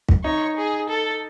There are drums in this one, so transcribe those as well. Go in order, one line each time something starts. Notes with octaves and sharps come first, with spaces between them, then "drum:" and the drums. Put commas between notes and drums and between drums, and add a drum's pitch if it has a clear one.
drum: kick
D#4 C#5
G#4
A4